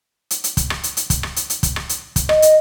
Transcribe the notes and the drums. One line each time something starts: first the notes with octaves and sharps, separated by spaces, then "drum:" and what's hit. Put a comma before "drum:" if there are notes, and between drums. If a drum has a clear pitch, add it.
drum: hi-hat
drum: hi-hat
drum: kick, hi-hat
drum: rim click
drum: hi-hat
drum: hi-hat
drum: kick, hi-hat
drum: rim click
drum: hi-hat
drum: hi-hat
drum: kick, hi-hat
drum: rim click
drum: hi-hat
drum: kick, hi-hat
D#5, drum: rim click
drum: hi-hat